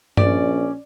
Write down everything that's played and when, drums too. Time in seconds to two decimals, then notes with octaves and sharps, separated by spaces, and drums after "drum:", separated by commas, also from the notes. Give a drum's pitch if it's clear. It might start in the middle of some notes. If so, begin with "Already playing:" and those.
0.17 A#1 C#4 D5, drum: tom G2